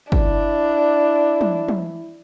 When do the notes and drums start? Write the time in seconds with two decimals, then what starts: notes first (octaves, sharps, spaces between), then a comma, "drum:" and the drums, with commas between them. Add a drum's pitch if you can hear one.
0.12 D4 E4, drum: kick
1.41 drum: tom
1.68 drum: tom